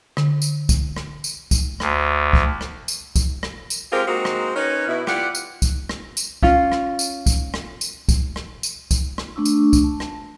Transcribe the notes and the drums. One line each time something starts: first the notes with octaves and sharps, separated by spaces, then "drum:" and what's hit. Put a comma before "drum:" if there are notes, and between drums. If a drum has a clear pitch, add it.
D3, drum: rim click
drum: tambourine
drum: kick, tambourine
drum: rim click
drum: tambourine
drum: kick, tambourine
D2, drum: rim click
drum: kick
drum: rim click
drum: tambourine
drum: kick, tambourine
drum: rim click
drum: tambourine
G#3 C4 F4 G4 G#4 A#4
G#3 A#3 C4 D#4 F#4
drum: rim click
C#4 D#4 A#4 B4 C#5
B2 E4
E4 F4 G4 D5 F#5, drum: rim click
drum: tambourine
drum: kick, tambourine
drum: rim click
drum: tambourine
C#4 F4, drum: kick
drum: rim click
drum: tambourine
drum: kick, tambourine
drum: rim click
drum: tambourine
drum: kick, tambourine
drum: rim click
drum: tambourine
drum: kick, tambourine
drum: rim click
A3 D4 C#6 E6
drum: tambourine
drum: kick, tambourine
A5
drum: rim click